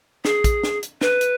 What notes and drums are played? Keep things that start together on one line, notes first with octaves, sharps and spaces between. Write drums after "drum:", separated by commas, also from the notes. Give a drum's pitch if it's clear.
G#4, drum: snare
drum: kick, hi-hat
drum: snare
drum: hi-hat
B4, drum: snare
drum: hi-hat